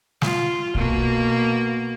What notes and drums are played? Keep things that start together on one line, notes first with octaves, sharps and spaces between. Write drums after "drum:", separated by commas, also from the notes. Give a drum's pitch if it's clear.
F4, drum: snare
B2 A#3, drum: kick